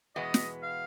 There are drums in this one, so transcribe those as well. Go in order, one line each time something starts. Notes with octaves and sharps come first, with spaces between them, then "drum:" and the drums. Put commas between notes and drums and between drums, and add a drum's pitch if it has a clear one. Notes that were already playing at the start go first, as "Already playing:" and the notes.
E2 B2 G#3 B3 D#5
drum: snare
F5